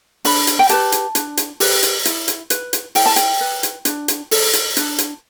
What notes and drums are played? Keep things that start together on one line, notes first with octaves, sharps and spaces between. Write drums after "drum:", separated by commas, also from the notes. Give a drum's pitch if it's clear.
D4 B5, drum: open hi-hat
drum: hi-hat
G5
G4 B4 A5, drum: hi-hat
drum: hi-hat
D4, drum: hi-hat
drum: hi-hat
G4 B4, drum: open hi-hat
drum: hi-hat
E4, drum: hi-hat
drum: hi-hat
B4, drum: hi-hat
drum: hi-hat
E4 G5, drum: open hi-hat
A5
G5, drum: hi-hat
B4
drum: hi-hat
D4, drum: hi-hat
drum: hi-hat
A4, drum: open hi-hat
drum: hi-hat
D4, drum: hi-hat
drum: hi-hat